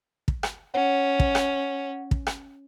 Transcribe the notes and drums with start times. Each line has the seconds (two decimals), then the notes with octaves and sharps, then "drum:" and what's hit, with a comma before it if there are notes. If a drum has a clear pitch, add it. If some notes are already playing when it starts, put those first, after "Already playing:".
0.28 drum: kick
0.43 drum: rim click
0.74 C#4 C#5 F#5
1.20 drum: kick
1.35 drum: rim click
2.11 drum: kick
2.27 drum: rim click